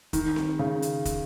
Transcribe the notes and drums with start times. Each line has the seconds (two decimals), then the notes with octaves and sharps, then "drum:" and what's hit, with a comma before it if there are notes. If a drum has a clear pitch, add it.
0.13 D#3, drum: kick, hi-hat
0.36 drum: snare C4
0.59 C#3
0.82 drum: hi-hat
1.05 drum: kick, hi-hat